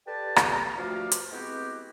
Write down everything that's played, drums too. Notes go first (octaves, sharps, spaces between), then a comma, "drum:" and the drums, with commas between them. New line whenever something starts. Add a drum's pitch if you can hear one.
G4 A4 B4 D5 A5
drum: rim click
G2 F3 A3 F#4 D5 F5
drum: hi-hat
G#3 B3 C4 E4 F#4 G4